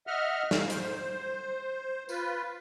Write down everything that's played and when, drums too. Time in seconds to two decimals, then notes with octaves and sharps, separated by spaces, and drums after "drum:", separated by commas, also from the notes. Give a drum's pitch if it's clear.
0.07 D#5 E5 F#5 F6
0.51 F5, drum: snare
0.70 C5, drum: hi-hat
2.09 F4 B4, drum: tambourine